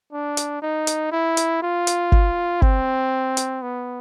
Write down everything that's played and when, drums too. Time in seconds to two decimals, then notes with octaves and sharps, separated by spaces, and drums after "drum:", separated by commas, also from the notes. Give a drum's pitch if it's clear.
0.12 D4
0.37 drum: hi-hat
0.62 D#4
0.87 drum: hi-hat
1.12 E4
1.37 drum: hi-hat
1.62 F4
1.87 drum: hi-hat
2.12 drum: kick G1
2.62 C4, drum: kick G1
3.37 drum: hi-hat
3.62 B3